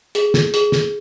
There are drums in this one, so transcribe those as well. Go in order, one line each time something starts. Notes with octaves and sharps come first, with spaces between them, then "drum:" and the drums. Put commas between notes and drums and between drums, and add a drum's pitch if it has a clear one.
G#4, drum: hi-hat
drum: snare
G#4, drum: hi-hat
drum: snare